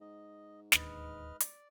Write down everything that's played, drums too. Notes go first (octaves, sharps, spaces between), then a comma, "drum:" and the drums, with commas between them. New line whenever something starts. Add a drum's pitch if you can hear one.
G#2 D#5
D1 D#2 D4 B4 D#5 F6, drum: snare
D5, drum: hi-hat